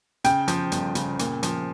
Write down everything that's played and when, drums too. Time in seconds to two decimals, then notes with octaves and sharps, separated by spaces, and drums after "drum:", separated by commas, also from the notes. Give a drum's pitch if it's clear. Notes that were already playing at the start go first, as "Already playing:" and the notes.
0.24 C#3 G5, drum: hi-hat
0.48 F3, drum: hi-hat
0.72 G1, drum: hi-hat
0.95 C#3, drum: hi-hat
1.19 A#2, drum: hi-hat
1.43 F3, drum: hi-hat